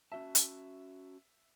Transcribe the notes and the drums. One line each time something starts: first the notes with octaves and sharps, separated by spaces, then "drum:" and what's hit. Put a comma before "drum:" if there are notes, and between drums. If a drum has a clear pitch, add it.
C#4 F#4 E5 A5
drum: hi-hat